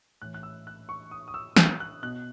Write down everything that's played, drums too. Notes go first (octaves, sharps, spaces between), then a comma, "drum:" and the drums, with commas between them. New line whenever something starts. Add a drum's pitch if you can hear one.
A2 E3 F#6
F#6
E6
F#6
C#6
D#6
D#6
E6
D#6, drum: snare
F#6
B2 F#6